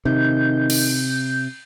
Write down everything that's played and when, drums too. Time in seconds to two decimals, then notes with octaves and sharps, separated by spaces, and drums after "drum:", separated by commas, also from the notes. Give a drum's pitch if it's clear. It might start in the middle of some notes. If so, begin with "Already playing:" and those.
0.05 C3 D#3 G6
0.70 drum: cymbal